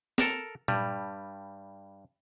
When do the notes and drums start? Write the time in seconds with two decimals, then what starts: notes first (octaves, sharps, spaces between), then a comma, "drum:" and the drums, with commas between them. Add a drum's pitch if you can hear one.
0.18 A4 A#4 A5 A#5, drum: snare
0.68 G2 G3, drum: tom A#2